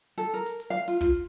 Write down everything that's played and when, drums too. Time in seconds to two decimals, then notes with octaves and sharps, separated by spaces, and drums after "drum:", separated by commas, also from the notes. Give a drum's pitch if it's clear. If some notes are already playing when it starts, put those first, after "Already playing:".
0.18 A4
0.34 A#4
0.46 drum: hi-hat
0.60 drum: hi-hat
0.70 F5
0.88 F4, drum: hi-hat
1.01 F4, drum: kick, hi-hat